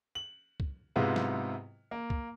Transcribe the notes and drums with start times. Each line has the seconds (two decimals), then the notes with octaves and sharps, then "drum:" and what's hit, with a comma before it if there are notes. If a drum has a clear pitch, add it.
0.15 F#7
0.60 drum: kick
0.96 G#2 C3 G#3 B3 E4 F4
1.16 drum: snare
1.91 A#3
2.10 drum: kick